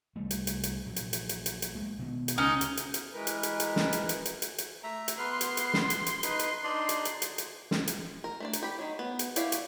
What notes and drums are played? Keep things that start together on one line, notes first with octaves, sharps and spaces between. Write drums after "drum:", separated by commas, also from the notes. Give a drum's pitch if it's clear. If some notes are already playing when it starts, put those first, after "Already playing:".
C2 G3 A3
drum: hi-hat
drum: hi-hat
drum: hi-hat
A#1 F#3
drum: hi-hat
drum: hi-hat
drum: hi-hat
drum: hi-hat
drum: hi-hat
A#1 G#3 A#3
B2 D#3 B3
drum: hi-hat
C#2 C#4 D#4
drum: hi-hat
drum: hi-hat
drum: hi-hat
E3 G#3 A#4 B4
drum: hi-hat
drum: hi-hat
drum: hi-hat
drum: snare
drum: hi-hat
drum: hi-hat
drum: hi-hat
drum: hi-hat
drum: hi-hat
A3 E5 A#5
drum: hi-hat
B3 B4 C6 F6
drum: hi-hat
drum: hi-hat
drum: snare
drum: hi-hat
drum: hi-hat
D#4 B4, drum: hi-hat
drum: hi-hat
D4 D#4 D5
drum: hi-hat
drum: hi-hat
drum: hi-hat
drum: hi-hat
drum: snare
drum: hi-hat
A#4
A3 D4 D5
drum: hi-hat
G4 B5
D#3 F#3
B3
drum: hi-hat
E4 G4 C#5 D5 F5, drum: hi-hat
drum: hi-hat